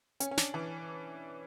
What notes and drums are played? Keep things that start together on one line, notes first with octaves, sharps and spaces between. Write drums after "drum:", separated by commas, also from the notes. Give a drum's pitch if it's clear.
C#4, drum: hi-hat
C#4
D4, drum: snare
E3